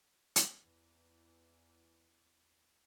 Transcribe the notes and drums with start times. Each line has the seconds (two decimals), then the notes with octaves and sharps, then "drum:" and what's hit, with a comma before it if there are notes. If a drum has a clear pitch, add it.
0.36 drum: hi-hat
0.60 E2 E3